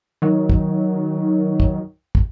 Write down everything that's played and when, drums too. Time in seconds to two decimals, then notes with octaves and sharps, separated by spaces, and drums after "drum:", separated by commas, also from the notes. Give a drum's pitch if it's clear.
0.22 D#3 F#3
0.49 drum: kick
1.60 drum: kick
2.15 drum: kick